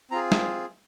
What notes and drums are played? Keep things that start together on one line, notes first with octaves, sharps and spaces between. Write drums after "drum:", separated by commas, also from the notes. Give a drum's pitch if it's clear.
C4 F4 G#4 A#5
drum: snare